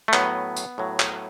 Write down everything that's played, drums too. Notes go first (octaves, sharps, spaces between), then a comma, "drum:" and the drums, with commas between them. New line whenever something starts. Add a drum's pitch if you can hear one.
A3
A2 F#3 B3, drum: clap
drum: tambourine
A2 F#3
drum: clap